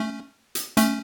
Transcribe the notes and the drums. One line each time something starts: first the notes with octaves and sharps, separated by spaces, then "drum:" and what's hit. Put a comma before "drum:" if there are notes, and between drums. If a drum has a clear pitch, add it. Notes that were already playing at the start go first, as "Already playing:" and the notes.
Already playing: A3 C#4
drum: hi-hat
A3 C#4, drum: hi-hat